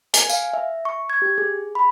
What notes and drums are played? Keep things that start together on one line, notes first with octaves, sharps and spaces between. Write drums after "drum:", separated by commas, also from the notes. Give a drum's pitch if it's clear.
G#5, drum: hi-hat
F5, drum: tambourine
E5
C#6
G#6
G4
G#4
B5